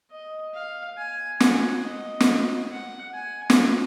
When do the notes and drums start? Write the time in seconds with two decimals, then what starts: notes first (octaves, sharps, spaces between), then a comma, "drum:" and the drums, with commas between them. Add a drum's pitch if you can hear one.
0.11 D#5
0.54 F5
0.97 G#5
1.40 F#5, drum: snare
1.84 D#5
2.20 drum: snare
2.71 F#5
3.14 G#5
3.50 drum: snare